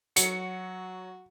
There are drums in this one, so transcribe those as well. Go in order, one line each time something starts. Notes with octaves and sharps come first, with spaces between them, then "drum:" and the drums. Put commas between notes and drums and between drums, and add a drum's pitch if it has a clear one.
F#3 F#4 C#7, drum: hi-hat